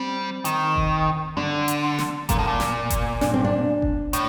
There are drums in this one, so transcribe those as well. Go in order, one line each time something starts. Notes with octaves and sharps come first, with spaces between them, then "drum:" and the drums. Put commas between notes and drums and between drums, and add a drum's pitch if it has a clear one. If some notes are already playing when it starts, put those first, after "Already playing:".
Already playing: G3 C4
D#3, drum: hi-hat
drum: kick F#1
D3 D4
drum: hi-hat
drum: snare
A#2 A#3, drum: kick F#1, hi-hat
A2
A#2
drum: snare
drum: kick F#1, hi-hat
D4, drum: snare
C4
D4
drum: kick F#1
A2, drum: hi-hat